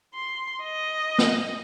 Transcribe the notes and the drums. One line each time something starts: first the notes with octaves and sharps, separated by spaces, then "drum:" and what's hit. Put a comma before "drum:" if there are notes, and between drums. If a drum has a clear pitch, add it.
C6
D#5
drum: snare